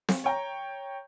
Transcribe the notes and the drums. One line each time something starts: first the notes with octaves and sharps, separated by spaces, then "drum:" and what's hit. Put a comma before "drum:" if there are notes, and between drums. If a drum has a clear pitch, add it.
drum: snare C4
C#5 G5 A#5